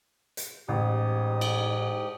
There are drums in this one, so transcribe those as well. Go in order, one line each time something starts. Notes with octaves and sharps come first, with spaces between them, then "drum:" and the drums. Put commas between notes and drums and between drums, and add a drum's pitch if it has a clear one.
drum: hi-hat
A1 G#2 G4 D#6
drum: cymbal